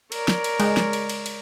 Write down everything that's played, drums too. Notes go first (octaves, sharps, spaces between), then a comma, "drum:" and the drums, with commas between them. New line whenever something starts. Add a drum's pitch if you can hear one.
A#4 C#5 D5, drum: cymbal
drum: snare
drum: cymbal
G#3, drum: cymbal
drum: snare
drum: cymbal
drum: cymbal
drum: cymbal